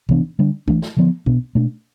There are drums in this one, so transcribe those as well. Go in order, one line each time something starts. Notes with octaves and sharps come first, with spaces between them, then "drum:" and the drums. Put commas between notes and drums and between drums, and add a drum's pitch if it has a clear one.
C3 E3 B3 D4, drum: kick
D3 G3 D4
E3 A3 D4, drum: kick
drum: snare
D3 F3 B3
B2 B3 D4, drum: kick
B2 A3 D4